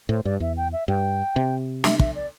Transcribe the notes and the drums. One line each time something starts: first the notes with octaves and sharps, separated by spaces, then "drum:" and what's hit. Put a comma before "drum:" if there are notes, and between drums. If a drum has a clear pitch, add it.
A2 C5
G2 D5
E2 E5
G5
E5
G2 G5
C3
E5, drum: snare
E5, drum: kick
D5